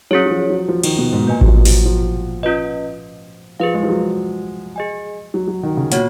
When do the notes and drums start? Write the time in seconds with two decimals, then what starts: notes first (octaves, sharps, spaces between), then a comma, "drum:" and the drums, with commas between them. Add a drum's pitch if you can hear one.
0.11 F#3 C#4 G#4 C#5
0.26 F#3
0.31 F3
0.50 F#3
0.69 F3
0.84 D#3, drum: cymbal
0.98 B2
1.13 G#2
1.27 A#2 F4 B4 D#5 G#5
1.41 F#3, drum: kick A1
1.47 F3
1.65 F#3, drum: open hi-hat
1.85 F3
2.43 C#4 F4 B4 D#5
3.60 F3 G#4 B4 F5
3.74 G#3
3.83 F3
3.89 F#3
4.76 G#4 D#5 G#5
5.34 F#3
5.48 F#3
5.63 D#3
5.77 C#3
5.92 A#2 B3 F#4 C#5 F#5, drum: hi-hat